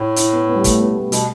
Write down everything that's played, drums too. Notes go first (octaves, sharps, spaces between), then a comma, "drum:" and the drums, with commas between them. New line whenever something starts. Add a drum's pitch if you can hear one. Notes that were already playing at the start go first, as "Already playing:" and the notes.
Already playing: A2
E4, drum: hi-hat
B3
B3
G3
A3, drum: kick, hi-hat
B3
A3
B2 G3, drum: hi-hat